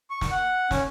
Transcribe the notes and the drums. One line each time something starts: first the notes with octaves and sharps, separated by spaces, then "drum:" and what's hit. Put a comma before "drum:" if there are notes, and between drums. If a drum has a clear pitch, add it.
C#6
drum: snare
F#5
C#4, drum: snare